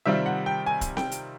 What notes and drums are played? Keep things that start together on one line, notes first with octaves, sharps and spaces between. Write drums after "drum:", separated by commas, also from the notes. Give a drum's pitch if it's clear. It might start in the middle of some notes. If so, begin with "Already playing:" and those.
C3 D#3 G3 C4 F4 E5
F#5
G5
G#5
drum: kick C#1, hi-hat
G5, drum: snare C4
drum: hi-hat